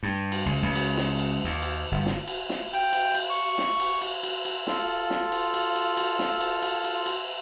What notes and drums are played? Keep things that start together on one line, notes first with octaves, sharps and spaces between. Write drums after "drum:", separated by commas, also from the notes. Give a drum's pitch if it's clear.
G2
drum: cymbal
C#2
C#2
drum: cymbal
drum: snare
drum: cymbal
D#2
drum: cymbal
G1
drum: snare
drum: cymbal
drum: snare
G5, drum: cymbal
drum: cymbal
drum: cymbal
C#6
drum: snare
drum: cymbal
drum: cymbal
drum: cymbal
drum: cymbal
F4 A4, drum: snare
drum: snare
drum: cymbal
drum: cymbal
drum: cymbal
drum: cymbal
drum: snare
drum: cymbal
drum: cymbal
drum: cymbal
drum: cymbal